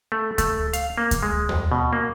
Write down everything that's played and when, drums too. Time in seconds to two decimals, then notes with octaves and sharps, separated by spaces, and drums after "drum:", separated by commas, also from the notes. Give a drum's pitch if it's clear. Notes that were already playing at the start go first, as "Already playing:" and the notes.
0.12 A3
0.38 A3, drum: kick D2, hi-hat
0.73 F5, drum: hi-hat
0.98 A#3
1.11 drum: kick D2, hi-hat
1.23 G#3
1.49 drum: tom D#2
1.72 B2
1.93 A#3